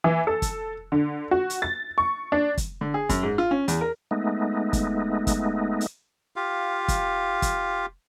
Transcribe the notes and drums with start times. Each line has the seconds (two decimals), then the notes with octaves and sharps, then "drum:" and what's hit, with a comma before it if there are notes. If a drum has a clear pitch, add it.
0.04 E3
0.27 A4
0.42 drum: kick, hi-hat
0.92 D3
1.31 F#4
1.50 drum: hi-hat
1.62 A6
1.98 C#6
2.32 D4
2.57 drum: kick, hi-hat
2.81 D3
2.94 G#4
3.09 F#2, drum: kick, hi-hat
3.23 G#2
3.38 F4
3.51 C#4
3.68 E2, drum: hi-hat
3.81 A#4
4.11 G#3 A3 B3 D#4
4.73 drum: kick, hi-hat
5.27 drum: kick, hi-hat
5.81 drum: hi-hat
6.36 F4 G4 F5
6.88 drum: kick, hi-hat
7.42 drum: kick, hi-hat